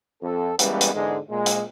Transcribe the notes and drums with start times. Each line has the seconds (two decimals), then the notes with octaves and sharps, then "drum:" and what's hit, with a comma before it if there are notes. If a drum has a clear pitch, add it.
0.22 F2 C4 A4
0.59 E3 G3 G#3 A#3 B3 C#4, drum: hi-hat
0.81 drum: hi-hat
0.94 E2 G#2 D3 G#3
1.30 A#2 G#3
1.46 drum: hi-hat